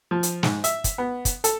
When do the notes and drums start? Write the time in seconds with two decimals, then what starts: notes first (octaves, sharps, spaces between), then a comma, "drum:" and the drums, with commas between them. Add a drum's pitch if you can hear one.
0.11 F3
0.23 drum: hi-hat
0.43 G#2, drum: snare
0.64 E5, drum: hi-hat
0.84 drum: kick, hi-hat
0.98 B3
1.25 drum: kick, hi-hat
1.44 A4, drum: hi-hat